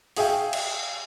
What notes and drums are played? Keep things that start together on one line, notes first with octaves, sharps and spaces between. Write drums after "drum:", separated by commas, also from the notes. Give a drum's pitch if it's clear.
F#4 G#4 E5 F5 G5, drum: open hi-hat
drum: cymbal